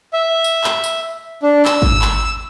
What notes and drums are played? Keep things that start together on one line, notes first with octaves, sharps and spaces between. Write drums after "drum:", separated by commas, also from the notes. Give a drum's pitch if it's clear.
E5
drum: tambourine
drum: clap
drum: tambourine
D4
E6, drum: clap
drum: kick G#1
drum: clap